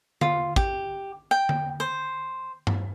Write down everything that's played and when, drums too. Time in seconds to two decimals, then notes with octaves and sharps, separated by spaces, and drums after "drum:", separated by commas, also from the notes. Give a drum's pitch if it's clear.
0.21 F4, drum: tom D3
0.56 G4, drum: kick
1.31 G5
1.49 drum: tom D3
1.80 C5
2.67 drum: tom G2